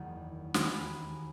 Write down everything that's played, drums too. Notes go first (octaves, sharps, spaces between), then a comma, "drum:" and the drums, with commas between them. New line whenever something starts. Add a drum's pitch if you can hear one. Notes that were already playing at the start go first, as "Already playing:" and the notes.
Already playing: F#1 E2 D#3 A#3 A#5
E1 D#2 D#3 G#5 B5, drum: snare